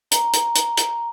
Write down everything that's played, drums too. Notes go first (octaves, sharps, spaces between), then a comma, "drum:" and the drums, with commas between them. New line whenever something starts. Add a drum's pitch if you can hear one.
A#5, drum: hi-hat
drum: hi-hat
drum: hi-hat
drum: hi-hat